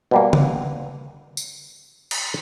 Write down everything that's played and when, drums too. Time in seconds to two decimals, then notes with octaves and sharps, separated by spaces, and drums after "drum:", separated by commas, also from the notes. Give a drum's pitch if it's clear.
0.11 B2 G3 A#3
0.33 drum: tom C#3
1.37 drum: tambourine
2.11 drum: cymbal